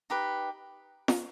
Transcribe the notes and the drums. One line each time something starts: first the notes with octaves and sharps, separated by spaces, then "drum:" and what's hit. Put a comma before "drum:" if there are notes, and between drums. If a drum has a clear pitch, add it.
D#4 G4 B4
drum: snare F4